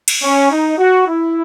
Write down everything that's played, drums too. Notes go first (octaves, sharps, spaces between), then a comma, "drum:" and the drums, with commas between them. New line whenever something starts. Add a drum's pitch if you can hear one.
drum: cymbal
C#4
D#4
F#4
E4